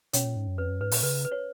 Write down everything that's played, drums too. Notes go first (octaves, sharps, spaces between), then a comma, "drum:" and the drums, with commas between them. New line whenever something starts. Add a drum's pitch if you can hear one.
B2 C#4 C#5, drum: hi-hat
A#2
G#2
F#2
F2 B4
F#2
G#2 B4
A#2, drum: open hi-hat
C#3 B4
B4
C#5